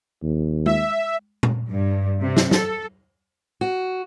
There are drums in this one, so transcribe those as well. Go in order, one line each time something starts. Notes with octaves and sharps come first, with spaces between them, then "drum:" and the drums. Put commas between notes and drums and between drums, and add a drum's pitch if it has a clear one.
D#2
E5, drum: tom G#3
drum: tom A#2
G2
C3
drum: snare
A4, drum: snare
F#4